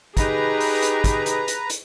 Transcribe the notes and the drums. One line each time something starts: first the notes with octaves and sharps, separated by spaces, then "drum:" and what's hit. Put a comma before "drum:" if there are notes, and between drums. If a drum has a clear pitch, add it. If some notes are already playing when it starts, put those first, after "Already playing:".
D#4 G4 G#4 B4 A#5, drum: kick, hi-hat
drum: open hi-hat
drum: hi-hat
drum: kick, hi-hat
drum: hi-hat
drum: hi-hat
drum: hi-hat